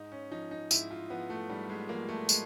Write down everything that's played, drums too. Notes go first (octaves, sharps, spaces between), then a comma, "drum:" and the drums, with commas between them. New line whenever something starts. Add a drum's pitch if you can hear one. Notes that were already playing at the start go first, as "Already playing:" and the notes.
Already playing: G#2 D#4
C#4
F3 D#4
D#4
G#2 E4, drum: tambourine
F4
F3 B3
A3
G#2 G3
G#3
F3 A#3
A3
G#3, drum: tambourine